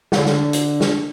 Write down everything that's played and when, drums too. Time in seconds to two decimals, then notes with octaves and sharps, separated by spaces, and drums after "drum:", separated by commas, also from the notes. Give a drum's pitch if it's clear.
0.12 D3, drum: snare
0.26 drum: snare
0.53 drum: hi-hat
0.80 drum: snare